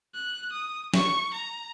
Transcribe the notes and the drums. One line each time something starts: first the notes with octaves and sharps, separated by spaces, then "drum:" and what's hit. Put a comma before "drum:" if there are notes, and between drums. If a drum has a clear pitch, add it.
F#6
D#6
C#6, drum: snare
A#5